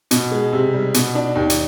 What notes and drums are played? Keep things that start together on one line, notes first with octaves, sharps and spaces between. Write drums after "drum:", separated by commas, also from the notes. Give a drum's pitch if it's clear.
B2, drum: hi-hat
G#3
C3
G3
B2, drum: hi-hat
D4
D#2
drum: hi-hat